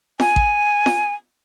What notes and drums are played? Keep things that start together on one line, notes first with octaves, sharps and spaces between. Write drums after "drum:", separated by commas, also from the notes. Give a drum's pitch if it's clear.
G#5, drum: snare F4
drum: kick A1
drum: snare F4